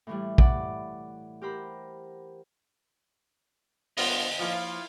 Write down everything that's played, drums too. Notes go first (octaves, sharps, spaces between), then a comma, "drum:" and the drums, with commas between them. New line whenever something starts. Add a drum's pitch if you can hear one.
A2 E3 G3
D5 F#5 B5, drum: kick A#1
G4 A#4 C5 B5
G2 B3 F4 D#5 F5, drum: open hi-hat
F3 A#3 E4 F4